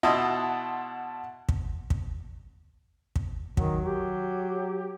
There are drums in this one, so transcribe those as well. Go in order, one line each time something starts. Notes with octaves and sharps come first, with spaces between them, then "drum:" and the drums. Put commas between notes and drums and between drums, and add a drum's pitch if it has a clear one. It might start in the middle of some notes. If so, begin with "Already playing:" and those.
B2 E4 D#5 F#5 A5 C6
drum: kick
drum: kick
drum: kick
D#3 F#3, drum: kick
G4